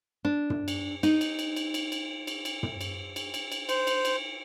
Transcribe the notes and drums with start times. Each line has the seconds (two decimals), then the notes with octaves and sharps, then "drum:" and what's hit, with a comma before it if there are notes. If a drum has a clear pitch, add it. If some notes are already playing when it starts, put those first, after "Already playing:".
0.25 D4
0.50 drum: tom
0.68 drum: cymbal
1.03 D#4, drum: cymbal
1.21 drum: cymbal
1.39 drum: cymbal
1.56 drum: cymbal
1.74 drum: cymbal
1.92 drum: cymbal
2.27 drum: cymbal
2.45 drum: cymbal
2.63 drum: tom
2.81 drum: cymbal
3.16 drum: cymbal
3.34 drum: cymbal
3.52 drum: cymbal
3.69 C5, drum: cymbal
3.87 drum: cymbal
4.05 drum: cymbal